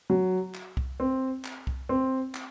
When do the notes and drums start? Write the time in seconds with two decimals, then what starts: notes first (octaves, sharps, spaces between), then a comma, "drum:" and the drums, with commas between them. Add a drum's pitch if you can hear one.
0.10 F#3
0.55 drum: clap
0.77 drum: kick C2
1.00 C4
1.45 drum: clap
1.67 drum: kick C2
1.89 C4
2.35 drum: clap